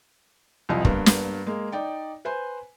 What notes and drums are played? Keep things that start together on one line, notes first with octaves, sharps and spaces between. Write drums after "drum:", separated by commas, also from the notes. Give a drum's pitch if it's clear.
C2 F2 F3 D#5 G#5
G2 A#3 B3, drum: kick
drum: snare
G#3 A#3
D#4 D5 G5
B4 C5 G#5